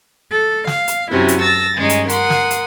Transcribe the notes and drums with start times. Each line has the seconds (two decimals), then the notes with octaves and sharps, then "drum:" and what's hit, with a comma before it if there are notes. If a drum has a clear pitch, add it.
0.31 A4
0.67 F5, drum: snare
0.88 drum: hi-hat
1.12 F#2 C3 F#3 C#4 E4
1.28 drum: hi-hat
1.41 A5 E6 A6 A#6
1.77 G2 D#3 G#3 C#4 D#4
1.89 drum: hi-hat
2.09 A#4 F#5 C6 D#6, drum: hi-hat
2.30 drum: snare
2.51 drum: hi-hat